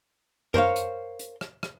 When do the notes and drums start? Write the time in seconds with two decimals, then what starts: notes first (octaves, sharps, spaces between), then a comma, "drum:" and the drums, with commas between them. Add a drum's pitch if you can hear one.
0.54 A#4 C5 C#5 F5, drum: tom F#2
0.76 drum: hi-hat
1.19 drum: hi-hat
1.41 drum: rim click
1.63 drum: rim click